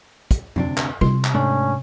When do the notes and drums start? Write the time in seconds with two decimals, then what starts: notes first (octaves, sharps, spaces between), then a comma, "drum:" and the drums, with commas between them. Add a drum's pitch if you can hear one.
0.31 drum: kick, hi-hat
0.56 D2 C3 D4, drum: tom F2
0.78 drum: clap
1.01 C3 C6, drum: tom
1.25 drum: clap
1.34 G#2 A3 C#4 D4